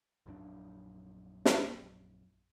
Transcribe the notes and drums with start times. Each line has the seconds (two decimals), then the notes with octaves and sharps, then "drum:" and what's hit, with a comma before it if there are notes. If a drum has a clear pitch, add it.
0.26 A#1 F#2 D3 D4
1.45 drum: snare